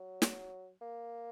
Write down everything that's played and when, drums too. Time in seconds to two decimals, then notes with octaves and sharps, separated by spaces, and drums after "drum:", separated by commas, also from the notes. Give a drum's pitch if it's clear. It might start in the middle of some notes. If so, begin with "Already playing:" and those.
Already playing: F#3
0.22 drum: snare
0.81 A#3